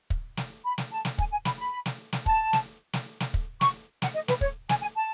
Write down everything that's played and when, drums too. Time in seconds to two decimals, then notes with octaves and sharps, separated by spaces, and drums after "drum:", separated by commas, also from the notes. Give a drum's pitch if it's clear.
0.10 drum: kick
0.37 drum: snare
0.65 B5
0.78 drum: snare
0.92 A5
1.05 drum: snare
1.18 G#5, drum: kick
1.31 G#5
1.45 B5, drum: snare
1.58 B5
1.86 drum: snare
2.13 drum: snare
2.26 A5, drum: kick
2.53 drum: snare
2.93 drum: snare
3.20 drum: snare
3.34 drum: kick
3.61 C#6, drum: snare
4.02 F#5, drum: snare
4.14 D#5
4.28 B4, drum: snare
4.41 C#5, drum: kick
4.69 G#5, drum: snare
4.82 G#5
4.96 A5